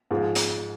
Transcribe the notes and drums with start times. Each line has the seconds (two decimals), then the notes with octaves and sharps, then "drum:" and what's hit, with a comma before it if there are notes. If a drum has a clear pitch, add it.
0.11 G#2 F3 G#3
0.35 drum: hi-hat